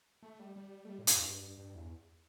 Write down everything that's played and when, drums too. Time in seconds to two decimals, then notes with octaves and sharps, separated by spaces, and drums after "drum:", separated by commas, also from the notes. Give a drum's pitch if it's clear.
0.23 A3
0.40 G3
0.56 G3
0.85 A3
0.90 G3
0.99 A2
1.07 G2, drum: hi-hat
1.16 E2
1.24 G2
1.58 G2
1.75 E2